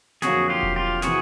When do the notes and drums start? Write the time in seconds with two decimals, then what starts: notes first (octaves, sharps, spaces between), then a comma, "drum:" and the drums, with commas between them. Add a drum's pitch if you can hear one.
0.22 F2 D3 F#3 A#3 F#4 G#4, drum: snare
0.49 F4 G4
0.63 drum: kick E1
0.76 F4 G4
1.02 C3 E3 F#4 G#4, drum: snare